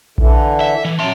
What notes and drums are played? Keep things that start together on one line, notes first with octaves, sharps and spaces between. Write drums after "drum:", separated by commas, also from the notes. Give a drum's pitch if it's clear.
D3 E3, drum: kick A#1
E5
E3
F#3 E5 A5 C6